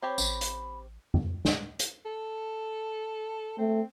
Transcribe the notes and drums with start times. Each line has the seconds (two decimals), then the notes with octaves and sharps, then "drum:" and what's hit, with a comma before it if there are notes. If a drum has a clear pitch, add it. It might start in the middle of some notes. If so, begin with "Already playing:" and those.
0.02 C4 G4 C#5 B5
0.18 A1, drum: tambourine
0.41 drum: hi-hat
1.14 drum: tom F2
1.45 drum: snare
1.79 drum: hi-hat
2.05 A4
3.58 A3 C4